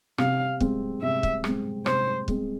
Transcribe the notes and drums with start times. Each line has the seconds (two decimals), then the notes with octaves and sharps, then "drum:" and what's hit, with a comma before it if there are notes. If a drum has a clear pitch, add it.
0.18 C3 F5, drum: rim click
0.60 G#3 C4, drum: kick
1.02 C3 E5
1.23 drum: kick
1.44 G#3 C4, drum: rim click
1.86 C3 C5, drum: rim click
2.28 G#3 C4, drum: kick